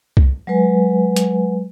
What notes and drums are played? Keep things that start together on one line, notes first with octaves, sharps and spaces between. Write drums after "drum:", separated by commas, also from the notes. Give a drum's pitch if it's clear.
drum: kick C2
F#3 G#3 B4 G#5
drum: hi-hat